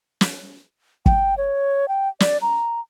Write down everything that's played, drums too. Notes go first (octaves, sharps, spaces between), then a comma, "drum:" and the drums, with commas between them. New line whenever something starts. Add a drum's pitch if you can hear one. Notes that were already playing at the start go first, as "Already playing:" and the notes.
drum: snare
G5, drum: kick
C#5
G5
D5, drum: snare
A#5